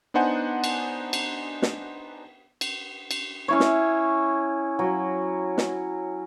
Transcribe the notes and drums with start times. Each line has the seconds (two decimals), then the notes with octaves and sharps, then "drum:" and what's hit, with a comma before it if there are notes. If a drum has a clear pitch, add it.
0.14 B3 D4 D#4 C5 F#5 G#5
0.64 drum: cymbal
1.13 drum: cymbal
1.62 drum: snare
2.61 drum: cymbal
3.11 drum: cymbal
3.48 C#4 E4 C#5
3.60 drum: snare
4.79 F#3
5.58 drum: snare